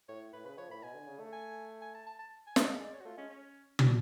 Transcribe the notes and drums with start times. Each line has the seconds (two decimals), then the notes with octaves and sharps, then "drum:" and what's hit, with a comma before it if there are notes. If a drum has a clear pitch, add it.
0.08 A2 C#5
0.33 A2 B4
0.45 C#3 B4
0.58 F3 C#5
0.70 A2 B5
0.83 B2 G#5
0.95 D3
1.08 C#3
1.19 A3
1.32 G#5
1.81 G#5
1.94 A5
2.06 A5
2.19 A5
2.47 G#5
2.56 G#3, drum: snare
2.63 F5
2.80 G#3 D5
2.93 C#5
3.01 F#4
3.05 A3 F4
3.17 G#3 C#4
3.29 C#4
3.79 D4, drum: tom